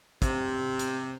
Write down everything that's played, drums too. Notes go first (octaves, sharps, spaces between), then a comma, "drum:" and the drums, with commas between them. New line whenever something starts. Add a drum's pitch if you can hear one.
C3, drum: kick, hi-hat
drum: hi-hat